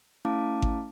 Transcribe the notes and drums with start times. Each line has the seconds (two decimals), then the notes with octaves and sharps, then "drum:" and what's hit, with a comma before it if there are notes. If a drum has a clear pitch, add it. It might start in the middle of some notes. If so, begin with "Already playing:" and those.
0.25 A3 C#4 E4 F5 A5 D6
0.62 drum: kick G#1